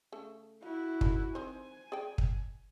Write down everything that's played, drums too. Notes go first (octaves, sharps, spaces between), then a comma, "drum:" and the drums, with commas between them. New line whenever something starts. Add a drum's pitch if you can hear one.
C#3 A3 A4
E4 F#4 F5
C#4 D#4 A4, drum: kick
D#3 C4 C5 G#5
G#4 D5 G5
drum: kick